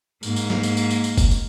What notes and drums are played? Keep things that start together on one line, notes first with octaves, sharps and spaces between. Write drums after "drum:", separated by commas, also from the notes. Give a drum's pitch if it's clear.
G#2 A#3, drum: tambourine
drum: tambourine
drum: snare
drum: tambourine
drum: tambourine
drum: tambourine
drum: tambourine
drum: kick F#1, tambourine
drum: tambourine